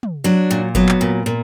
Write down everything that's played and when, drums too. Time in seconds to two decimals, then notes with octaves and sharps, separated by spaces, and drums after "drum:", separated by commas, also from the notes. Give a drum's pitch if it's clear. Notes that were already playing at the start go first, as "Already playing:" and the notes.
0.03 drum: tom
0.24 F#3 D4
0.51 A#2
0.75 F#3 B3, drum: kick G1
0.89 drum: clap
1.01 A#2
1.26 A#2